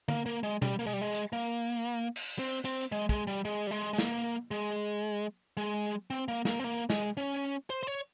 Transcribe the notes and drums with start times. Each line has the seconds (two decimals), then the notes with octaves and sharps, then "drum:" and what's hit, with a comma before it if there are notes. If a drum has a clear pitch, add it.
0.09 A#3, drum: tom D3
0.26 A#3
0.43 G#3
0.62 G3, drum: tom B2
0.79 A#3
0.86 G#3
0.93 G3
1.01 G#3
1.15 drum: hi-hat
1.33 A#3
2.16 drum: cymbal
2.39 C4
2.65 C4, drum: hi-hat
2.81 drum: hi-hat
2.92 G#3
3.09 G#3, drum: kick
3.27 G3
3.45 G#3
3.67 G3
3.71 G#3
3.93 G#3
3.98 A#3, drum: snare
4.51 G#3
5.57 G#3
6.10 C4
6.28 A#3
6.45 A#3, drum: snare
6.60 C4
6.64 A#3
6.90 G#3, drum: snare
7.17 C#4
7.70 C5
7.83 C5
7.87 C#5